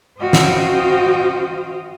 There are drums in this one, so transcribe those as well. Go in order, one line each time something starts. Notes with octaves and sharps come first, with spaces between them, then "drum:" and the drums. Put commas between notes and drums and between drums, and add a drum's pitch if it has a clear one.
F#4 C5 D#5 F5 G5
drum: snare